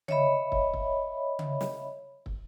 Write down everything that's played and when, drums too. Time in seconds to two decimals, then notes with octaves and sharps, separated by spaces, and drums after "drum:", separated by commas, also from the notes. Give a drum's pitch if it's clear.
0.08 C#5 D#5 E5 B5, drum: tom C#3
0.52 drum: kick
0.74 drum: kick
1.39 drum: tom C#3
1.61 drum: snare
2.26 drum: kick